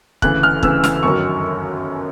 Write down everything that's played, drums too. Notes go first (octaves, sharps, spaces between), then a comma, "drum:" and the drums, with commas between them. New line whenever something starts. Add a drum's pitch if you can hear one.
D2 C#3 E3 F#6, drum: kick
F6
D2 C#3 E3 E6, drum: kick
F6, drum: snare
G1 F#2 D#3 F#3 C#6